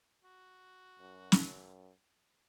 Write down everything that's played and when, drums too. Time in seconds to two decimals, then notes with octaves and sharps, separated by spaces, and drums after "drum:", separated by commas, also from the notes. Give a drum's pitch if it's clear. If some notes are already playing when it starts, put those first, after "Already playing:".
0.24 F#4
0.99 F#2
1.32 drum: snare